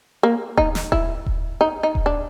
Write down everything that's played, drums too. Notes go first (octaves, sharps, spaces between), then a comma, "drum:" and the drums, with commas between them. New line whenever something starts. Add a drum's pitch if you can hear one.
A#3
D#4, drum: kick D#1
drum: snare
E4, drum: kick D#1
drum: kick D#1
D#4
D#4
drum: kick D#1
D4